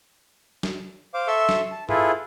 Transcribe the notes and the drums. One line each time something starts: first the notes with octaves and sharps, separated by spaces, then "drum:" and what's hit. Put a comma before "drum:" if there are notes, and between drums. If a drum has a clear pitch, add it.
drum: snare
C5 F5 D6
A4 E5 C6 C#6 E6
drum: snare
A5
E4 F4 G#4 A4 B4, drum: tom G2